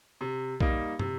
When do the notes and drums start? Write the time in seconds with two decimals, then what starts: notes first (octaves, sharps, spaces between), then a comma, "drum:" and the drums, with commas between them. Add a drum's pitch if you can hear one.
0.21 C3
0.61 G3 A#3 D#4, drum: kick B1
0.99 C3, drum: tom